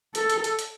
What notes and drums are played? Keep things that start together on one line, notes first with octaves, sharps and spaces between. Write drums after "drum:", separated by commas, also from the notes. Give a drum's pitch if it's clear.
A4, drum: hi-hat
drum: hi-hat
drum: hi-hat
drum: hi-hat